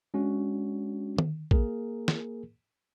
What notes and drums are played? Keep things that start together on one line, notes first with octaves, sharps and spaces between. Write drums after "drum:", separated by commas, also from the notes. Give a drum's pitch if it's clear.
G#3 C#4 D4 F#4
drum: tom D#3
A#3 G#4 A#4, drum: kick
drum: snare